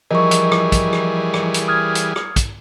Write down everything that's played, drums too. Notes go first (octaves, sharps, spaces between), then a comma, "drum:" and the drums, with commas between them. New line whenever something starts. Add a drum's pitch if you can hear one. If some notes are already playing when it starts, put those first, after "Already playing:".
E3 F3 G3 G#4 A#4 D#5 C#6
drum: hi-hat
drum: rim click
drum: kick, hi-hat
drum: rim click
drum: rim click
drum: hi-hat
D#6 F6 G#6
drum: hi-hat
drum: rim click
drum: kick, hi-hat